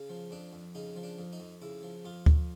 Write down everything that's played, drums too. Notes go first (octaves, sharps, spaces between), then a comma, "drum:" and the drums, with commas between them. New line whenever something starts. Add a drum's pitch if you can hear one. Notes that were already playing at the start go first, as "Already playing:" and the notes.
Already playing: C#3
F3
F2 D4
F2
C#3 D#4
F3
D4
F2
D#4
F2
C#3 E4
F3
F2 F4
F2, drum: kick D2